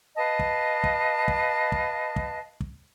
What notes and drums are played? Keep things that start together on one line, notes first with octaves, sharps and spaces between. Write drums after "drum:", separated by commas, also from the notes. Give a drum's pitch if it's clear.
B4 D#5 F5 A5
drum: kick
drum: kick
drum: kick
drum: kick
drum: kick
drum: kick